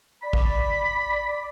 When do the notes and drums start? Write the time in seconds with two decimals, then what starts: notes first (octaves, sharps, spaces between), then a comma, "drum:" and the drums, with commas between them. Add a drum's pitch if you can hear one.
0.23 D5 B5
0.33 drum: kick A#1